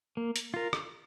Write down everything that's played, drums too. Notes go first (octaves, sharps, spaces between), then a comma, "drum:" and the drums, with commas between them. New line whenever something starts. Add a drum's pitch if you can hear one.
A#3
drum: hi-hat
F4 A#4
drum: rim click